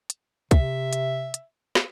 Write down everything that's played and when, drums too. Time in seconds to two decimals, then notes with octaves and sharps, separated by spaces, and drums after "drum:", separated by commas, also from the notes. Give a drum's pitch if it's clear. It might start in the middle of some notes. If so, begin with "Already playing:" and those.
0.10 drum: hi-hat
0.51 C3 E5, drum: kick, hi-hat
0.93 drum: hi-hat
1.34 drum: hi-hat
1.75 drum: snare